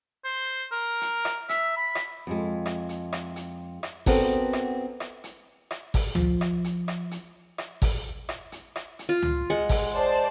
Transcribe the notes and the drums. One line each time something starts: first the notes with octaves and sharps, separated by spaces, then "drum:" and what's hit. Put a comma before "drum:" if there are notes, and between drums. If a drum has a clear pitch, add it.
C5
A#4
drum: hi-hat
drum: rim click
E5, drum: hi-hat
B5
drum: rim click
F2 G#3
drum: rim click
drum: hi-hat
drum: rim click
drum: hi-hat
drum: rim click
B3 C4 D4 F#4 A4 A#4, drum: kick, open hi-hat
drum: rim click
drum: rim click
drum: hi-hat
drum: rim click
drum: kick, open hi-hat
F3, drum: tom
drum: rim click
drum: hi-hat
drum: rim click
drum: hi-hat
drum: rim click
drum: kick, open hi-hat
drum: rim click
drum: hi-hat
drum: rim click
drum: hi-hat
F4
drum: tom
G#3 F#5
drum: kick, open hi-hat
C5 D5 A5